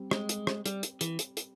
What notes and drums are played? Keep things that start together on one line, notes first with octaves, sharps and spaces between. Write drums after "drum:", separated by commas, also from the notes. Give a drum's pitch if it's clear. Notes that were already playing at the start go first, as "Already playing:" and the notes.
Already playing: G3 C4 G4
G#3, drum: rim click
drum: hi-hat
drum: rim click
G3, drum: hi-hat
drum: hi-hat
E3, drum: hi-hat
drum: hi-hat
drum: hi-hat